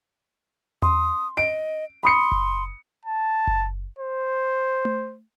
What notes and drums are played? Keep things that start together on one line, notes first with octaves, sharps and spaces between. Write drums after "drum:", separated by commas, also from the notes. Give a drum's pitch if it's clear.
C6 D#6, drum: tom E2
D#5 D7
B5 C6 D#6 C#7
drum: kick F#1
A5
drum: kick F#1
C5
drum: tom A3